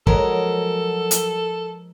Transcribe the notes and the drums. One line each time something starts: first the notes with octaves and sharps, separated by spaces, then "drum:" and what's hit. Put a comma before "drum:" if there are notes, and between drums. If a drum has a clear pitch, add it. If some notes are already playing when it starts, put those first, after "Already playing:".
F3 F#3 G#3 A4 A#4, drum: kick
drum: hi-hat